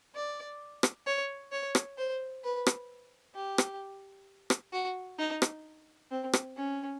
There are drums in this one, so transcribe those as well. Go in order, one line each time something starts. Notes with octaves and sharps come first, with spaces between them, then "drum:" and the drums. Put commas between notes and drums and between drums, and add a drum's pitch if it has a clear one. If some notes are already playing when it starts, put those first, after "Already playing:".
D5
drum: rim click
C#5
C#5
drum: rim click
C5
B4
drum: rim click
G4
drum: rim click
drum: rim click
F#4
D#4
drum: rim click
C4
drum: rim click
C#4